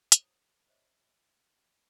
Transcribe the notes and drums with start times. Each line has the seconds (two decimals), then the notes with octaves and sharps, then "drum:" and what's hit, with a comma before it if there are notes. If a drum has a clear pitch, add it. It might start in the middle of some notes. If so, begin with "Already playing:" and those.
0.12 G#4 C5 C#5 D#6, drum: hi-hat
0.68 C5 C#5 D#5 E5